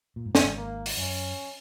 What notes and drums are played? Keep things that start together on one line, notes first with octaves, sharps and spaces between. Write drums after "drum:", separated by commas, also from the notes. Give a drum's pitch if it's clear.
A#2
G#2
F#2, drum: snare
G#1 G#2
A#3
drum: open hi-hat
F#2 C#4